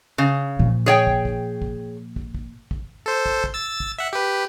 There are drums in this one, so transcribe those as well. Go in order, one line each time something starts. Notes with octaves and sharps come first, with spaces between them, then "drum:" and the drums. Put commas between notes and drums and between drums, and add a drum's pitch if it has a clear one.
C#3
A#2 F3
G#4 C#5 G5
drum: kick
drum: kick
drum: kick
drum: kick
drum: kick
drum: kick
A4 C5
drum: kick
drum: kick
E6 A6
drum: kick
E5 F#5
G4 B4